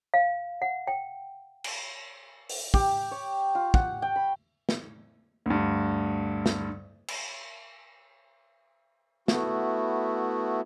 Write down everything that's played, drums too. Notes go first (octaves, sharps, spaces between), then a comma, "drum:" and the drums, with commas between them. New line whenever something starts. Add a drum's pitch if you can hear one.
F5
F#5
G5
drum: cymbal
drum: open hi-hat
G4, drum: kick
C#5
F4
F#5, drum: kick
G5
B5
drum: snare
D2 G2
drum: snare
drum: cymbal
A3 B3 E4 F#4, drum: snare